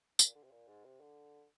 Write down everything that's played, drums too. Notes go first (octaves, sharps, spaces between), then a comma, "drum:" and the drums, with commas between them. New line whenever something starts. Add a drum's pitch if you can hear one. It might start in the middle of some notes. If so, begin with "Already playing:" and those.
G#2, drum: tambourine
A#2
D3
C3
A#2
G#2
C3
D3